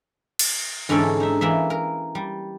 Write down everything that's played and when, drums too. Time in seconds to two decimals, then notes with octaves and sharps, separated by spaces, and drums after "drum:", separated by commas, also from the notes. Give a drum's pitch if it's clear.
0.39 drum: cymbal
0.89 G#2 D3 E3 C#4 A4 D5
1.20 D#4 E5
1.41 E3 A#3 E5
1.70 A#4
2.15 G3